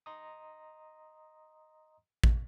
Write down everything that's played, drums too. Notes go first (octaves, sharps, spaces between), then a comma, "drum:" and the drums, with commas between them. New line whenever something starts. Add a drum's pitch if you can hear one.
D#5 A#5 C6 D#6
drum: kick A1